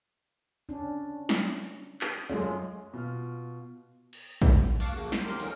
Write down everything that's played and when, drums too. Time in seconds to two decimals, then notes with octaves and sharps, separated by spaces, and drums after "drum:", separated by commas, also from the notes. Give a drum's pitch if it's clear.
0.69 C#4 D4
1.29 drum: snare
2.01 drum: clap
2.29 F#2 G#3 C#4 F4 A4 C#5, drum: open hi-hat
2.94 B2 F4 F6
4.13 drum: cymbal
4.42 drum: kick
4.80 F5 A5 C#6 D6 F#6, drum: cymbal
4.92 C#3 F3 A3 A#3 F#4
5.12 G6, drum: snare
5.24 D#2 G4 A#4 C6
5.40 D3 E3 F3 C#4 D#4 A#4, drum: cymbal